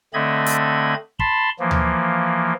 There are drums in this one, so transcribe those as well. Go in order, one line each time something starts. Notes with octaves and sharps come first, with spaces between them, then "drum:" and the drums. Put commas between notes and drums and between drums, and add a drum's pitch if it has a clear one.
D3 A3 C4 D#5 B5 G#6
drum: hi-hat
A5 B5 C6, drum: kick
E3 F3 A#3
drum: tom D2